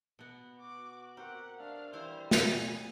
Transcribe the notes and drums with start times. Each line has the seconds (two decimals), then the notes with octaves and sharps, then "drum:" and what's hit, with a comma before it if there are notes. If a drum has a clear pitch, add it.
0.19 B2 B3
0.60 F#4 D6
1.17 C4 G4 A#4 F#5
1.60 A3 D4 F5
1.93 E3 G3 E4 C5 F5
2.31 D#5 G#5, drum: snare